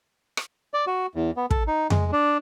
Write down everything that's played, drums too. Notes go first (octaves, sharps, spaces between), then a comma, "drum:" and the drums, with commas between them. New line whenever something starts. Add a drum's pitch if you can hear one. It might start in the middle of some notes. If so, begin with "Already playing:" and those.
drum: rim click
D5
F#4
E2
B3
A4, drum: kick
D#4
G#3, drum: tom F2
D4